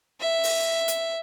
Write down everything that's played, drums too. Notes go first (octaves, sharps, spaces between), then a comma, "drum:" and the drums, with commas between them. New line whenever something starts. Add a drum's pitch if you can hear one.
E5
drum: open hi-hat
drum: hi-hat